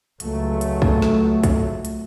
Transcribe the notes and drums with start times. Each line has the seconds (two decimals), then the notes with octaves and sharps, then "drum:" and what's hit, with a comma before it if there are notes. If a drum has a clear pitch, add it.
0.20 C#2 F#3 A3, drum: hi-hat
0.61 drum: hi-hat
0.82 drum: kick
1.02 drum: snare
1.44 drum: kick, hi-hat
1.85 drum: hi-hat